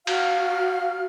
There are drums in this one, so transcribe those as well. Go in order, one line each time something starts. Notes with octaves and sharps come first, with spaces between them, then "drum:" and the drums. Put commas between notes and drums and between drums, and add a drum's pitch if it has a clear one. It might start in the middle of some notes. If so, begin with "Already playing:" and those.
F#4 F5 F6, drum: cymbal